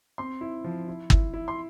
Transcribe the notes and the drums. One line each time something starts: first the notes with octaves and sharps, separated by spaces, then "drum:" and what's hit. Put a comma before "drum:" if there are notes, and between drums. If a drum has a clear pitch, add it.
C4 C6
E4
F3
E4
E4, drum: kick G1
E4
C6